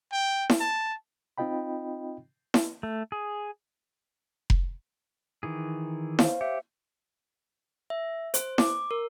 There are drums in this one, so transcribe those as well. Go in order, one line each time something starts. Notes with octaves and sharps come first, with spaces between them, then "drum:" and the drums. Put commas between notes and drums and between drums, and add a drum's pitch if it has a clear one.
G5
drum: snare E4
A5
C4 D#4 F4 D#5 G5 B5
drum: snare E4
A3
G#4
drum: kick F1
D#3 E3 G#4
C5 C#5 F5, drum: snare E4
G4 E5 C#7
E5
C5, drum: hi-hat
D6, drum: snare E4
A#4